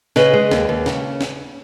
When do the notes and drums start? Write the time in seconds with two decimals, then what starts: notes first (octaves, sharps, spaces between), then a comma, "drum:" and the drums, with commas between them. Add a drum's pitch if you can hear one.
0.16 C#3 B4 D#5, drum: snare
0.33 G#3
0.51 D#2, drum: snare
0.69 D#2
0.86 C#3, drum: snare
1.21 drum: snare